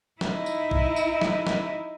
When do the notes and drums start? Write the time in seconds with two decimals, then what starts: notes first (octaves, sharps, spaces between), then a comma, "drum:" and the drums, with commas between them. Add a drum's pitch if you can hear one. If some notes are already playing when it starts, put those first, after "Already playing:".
0.21 D#4 E4, drum: snare
0.46 drum: tambourine
0.71 drum: kick
0.96 drum: tambourine
1.21 drum: snare
1.47 drum: snare